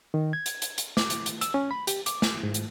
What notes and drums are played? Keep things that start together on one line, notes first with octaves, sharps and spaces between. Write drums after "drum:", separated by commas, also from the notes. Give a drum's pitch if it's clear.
D#3
G#6
drum: hi-hat
drum: hi-hat
drum: hi-hat
D6, drum: snare
drum: hi-hat
drum: hi-hat
E6, drum: hi-hat
C#4
B5
G4, drum: hi-hat
D6, drum: hi-hat
drum: snare
G#2
drum: hi-hat